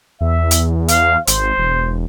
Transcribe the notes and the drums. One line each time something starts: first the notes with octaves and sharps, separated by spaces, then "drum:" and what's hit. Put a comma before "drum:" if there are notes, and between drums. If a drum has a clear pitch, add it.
E2 E5
drum: hi-hat
F5, drum: hi-hat
G#1 C5, drum: hi-hat
E1